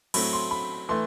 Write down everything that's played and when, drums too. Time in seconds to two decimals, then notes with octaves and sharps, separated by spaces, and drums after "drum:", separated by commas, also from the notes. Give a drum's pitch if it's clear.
0.14 A2 F#3 A3 C4 B5, drum: cymbal
0.33 C6
0.51 B5
0.89 E3 A3 C6